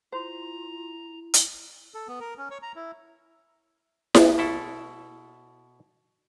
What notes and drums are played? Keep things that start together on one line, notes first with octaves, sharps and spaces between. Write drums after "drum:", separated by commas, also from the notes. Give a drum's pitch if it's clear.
E4 F4 C5 A#5
drum: hi-hat
A4
B3
A#4
C#4
C#5
A#5
E4
drum: snare E4
B2 E4 A4